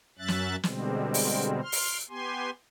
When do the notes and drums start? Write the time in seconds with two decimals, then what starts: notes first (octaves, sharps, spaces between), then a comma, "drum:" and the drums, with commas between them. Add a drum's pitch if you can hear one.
0.19 F#2 F#3 C#4 E5 F#6 A6
0.28 drum: snare
0.63 B2 D3 G3 G#3 C4, drum: snare
1.14 drum: open hi-hat
1.63 C6 F6
1.72 drum: open hi-hat
2.09 B3 G4 G#5 C6